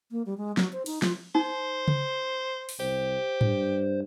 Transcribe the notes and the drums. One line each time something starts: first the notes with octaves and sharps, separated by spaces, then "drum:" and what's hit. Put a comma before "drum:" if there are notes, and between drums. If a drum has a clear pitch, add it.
A#3
G3
G#3
F#3, drum: snare
C5
D#4, drum: cymbal
F4, drum: snare
D#4 C5
drum: tom C#3
drum: open hi-hat
C2 G4 C5
G2, drum: tom G#2